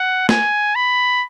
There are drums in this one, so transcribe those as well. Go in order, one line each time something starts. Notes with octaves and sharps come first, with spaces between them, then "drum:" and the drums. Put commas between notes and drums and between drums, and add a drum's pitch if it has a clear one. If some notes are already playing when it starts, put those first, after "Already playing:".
Already playing: F#5
G#5, drum: snare
B5